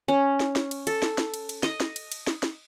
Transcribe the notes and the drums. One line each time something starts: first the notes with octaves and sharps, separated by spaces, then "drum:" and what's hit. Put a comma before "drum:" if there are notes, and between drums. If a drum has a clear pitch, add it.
C#4
drum: snare
drum: snare
drum: cymbal
A4, drum: cymbal
drum: snare
drum: snare
drum: cymbal
drum: cymbal
D#5, drum: snare
drum: snare
drum: cymbal
drum: cymbal
drum: snare
drum: snare